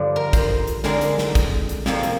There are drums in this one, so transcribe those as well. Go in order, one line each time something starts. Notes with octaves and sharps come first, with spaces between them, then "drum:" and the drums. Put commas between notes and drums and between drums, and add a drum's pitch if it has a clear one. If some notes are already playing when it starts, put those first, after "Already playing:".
Already playing: G2 D3 F3
A#4
C5, drum: kick, hi-hat
drum: hi-hat
D3 G#3 C4 A#4, drum: snare
drum: hi-hat
drum: snare
drum: kick, hi-hat
drum: hi-hat
F2 C3 F3 A#3, drum: snare
drum: hi-hat